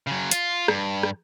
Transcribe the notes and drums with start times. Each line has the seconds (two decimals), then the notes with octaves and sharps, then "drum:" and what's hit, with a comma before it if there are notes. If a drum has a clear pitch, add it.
0.07 C#3 F#3
0.31 F4, drum: hi-hat
0.68 G2, drum: rim click
1.03 drum: rim click